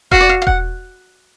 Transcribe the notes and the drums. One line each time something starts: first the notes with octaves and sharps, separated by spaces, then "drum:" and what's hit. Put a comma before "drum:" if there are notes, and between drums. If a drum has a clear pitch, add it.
F#4 F5, drum: kick E1
D5
F5
F5
F#5, drum: kick E1